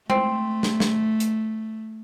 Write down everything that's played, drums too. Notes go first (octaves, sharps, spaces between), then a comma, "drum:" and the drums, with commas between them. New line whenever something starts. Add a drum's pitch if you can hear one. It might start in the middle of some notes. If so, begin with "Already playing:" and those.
A3 C4, drum: tom G#3
drum: snare
drum: snare
drum: hi-hat